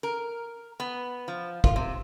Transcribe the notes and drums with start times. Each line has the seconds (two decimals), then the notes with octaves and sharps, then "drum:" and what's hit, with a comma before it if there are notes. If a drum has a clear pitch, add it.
0.03 A#4
0.80 B3
1.28 F3
1.64 F4, drum: kick
1.76 C3